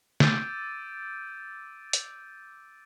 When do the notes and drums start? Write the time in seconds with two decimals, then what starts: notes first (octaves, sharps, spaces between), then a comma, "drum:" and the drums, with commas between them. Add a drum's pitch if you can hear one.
0.20 D6 E6 G6 A6 D7 D#7, drum: snare
1.93 drum: hi-hat